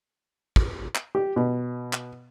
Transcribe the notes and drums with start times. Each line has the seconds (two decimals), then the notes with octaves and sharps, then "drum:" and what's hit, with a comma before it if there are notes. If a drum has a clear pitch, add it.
0.56 drum: kick
0.95 drum: clap
1.15 G4
1.36 B2
1.93 drum: clap